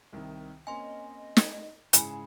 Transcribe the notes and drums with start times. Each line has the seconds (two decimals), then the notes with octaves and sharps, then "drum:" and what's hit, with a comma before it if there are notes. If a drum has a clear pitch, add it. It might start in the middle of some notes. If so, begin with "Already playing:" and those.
0.13 C2 C3 D#3
0.67 A#3 C4 C#4 D#5 G#5 C6
1.37 drum: snare
1.93 G#2 C#3 E4 G#4 G#5 B5, drum: hi-hat